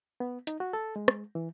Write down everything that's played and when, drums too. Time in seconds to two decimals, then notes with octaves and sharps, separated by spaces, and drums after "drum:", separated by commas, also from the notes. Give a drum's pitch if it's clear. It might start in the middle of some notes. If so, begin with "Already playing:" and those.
0.20 B3
0.47 D#4, drum: hi-hat
0.60 F#4
0.73 A4
0.96 G#3
1.08 drum: rim click
1.35 E3